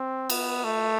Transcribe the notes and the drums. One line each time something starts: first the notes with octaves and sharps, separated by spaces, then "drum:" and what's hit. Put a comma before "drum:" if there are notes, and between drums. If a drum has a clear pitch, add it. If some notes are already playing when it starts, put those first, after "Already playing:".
Already playing: C4
B3, drum: cymbal
A3